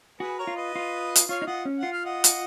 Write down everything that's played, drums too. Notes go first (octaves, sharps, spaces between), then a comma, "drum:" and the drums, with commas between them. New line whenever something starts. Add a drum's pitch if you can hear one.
F#4 G#4 B4
A#4 C#5
F4
B4 D#5
F4
drum: hi-hat
F4 C#5 F5
D#4
F4 D#5 F#5
C#4
F4 F#5
F5
D#5 F#5
drum: hi-hat